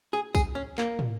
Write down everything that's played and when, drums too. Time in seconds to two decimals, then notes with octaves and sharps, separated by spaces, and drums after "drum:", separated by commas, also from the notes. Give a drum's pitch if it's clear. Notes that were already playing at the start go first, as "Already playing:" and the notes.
0.13 G#4
0.35 G#4, drum: kick B1, tambourine
0.55 C#4
0.78 A#3, drum: clap
0.99 drum: tom